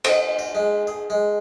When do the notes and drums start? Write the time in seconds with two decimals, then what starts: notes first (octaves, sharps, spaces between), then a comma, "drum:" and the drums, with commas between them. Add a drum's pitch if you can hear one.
0.04 D#5, drum: cymbal
0.39 F#4
0.55 G#3
0.87 G#4
1.10 G#3